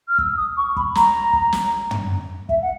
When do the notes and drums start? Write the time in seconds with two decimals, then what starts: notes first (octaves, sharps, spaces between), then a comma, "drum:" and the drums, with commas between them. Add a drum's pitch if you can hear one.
0.08 F6
0.18 E6, drum: kick
0.37 D#6
0.57 C#6
0.76 B5, drum: kick
0.95 A#5, drum: snare
1.33 drum: kick
1.52 drum: snare
1.91 drum: tom
2.49 E5, drum: kick
2.62 F#5